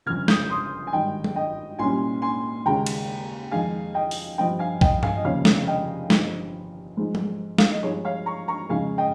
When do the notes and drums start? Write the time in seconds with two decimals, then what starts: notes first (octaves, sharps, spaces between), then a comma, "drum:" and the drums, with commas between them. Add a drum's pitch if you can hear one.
0.06 G1 F2 C#3 F6 G#6
0.28 D#6 G6, drum: snare
0.50 C6 D#6
0.87 G#5
0.93 G#1 G2 D#3 D#5 G5
1.24 drum: tom F#3
1.36 D#5 G5
1.79 C2 A#2 G3 C#4 G#5 C6
2.22 G#5 C6
2.65 D#2 C#3 G#3 C#4 G5 A#5
2.86 drum: cymbal
3.51 F2 D#3 G#3 D#4 F5 G#5
3.94 D#5 G5
4.11 drum: open hi-hat
4.38 G2 F3 C4 D#5 G5
4.59 F5 G#5
4.81 D#5 G5, drum: kick B1
5.03 F5 G#5, drum: tom G2
5.15 D#5
5.24 F1 D#2 C#3 F3 A#3 C#5 F5
5.45 drum: snare
5.67 D#5 G5
6.10 G1 G2 F3 C4 D#4, drum: snare
6.97 G#2 F3 G#3 D#4
7.15 drum: tom F#3
7.58 F5, drum: snare
7.71 D#5
7.83 G2 F3 G#3 C4 D#4 C#5
8.05 C#5 F5
8.26 A#5 C#6
8.48 A#5 C#6
8.69 F2 C#3 G#3 D#4 F5 G#5
8.98 D#5 G5